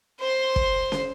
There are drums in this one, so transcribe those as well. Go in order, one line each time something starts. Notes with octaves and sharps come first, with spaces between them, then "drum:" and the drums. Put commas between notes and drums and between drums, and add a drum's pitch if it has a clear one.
C5 C6
drum: kick
drum: snare